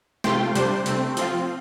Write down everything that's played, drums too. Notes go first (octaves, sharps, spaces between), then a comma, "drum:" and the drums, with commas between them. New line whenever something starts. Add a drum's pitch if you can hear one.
C3 A3 F4 G5 C6, drum: snare
C3 G3 D4 C5, drum: hi-hat
C3 A3 C4, drum: hi-hat
F3 C4 F4, drum: hi-hat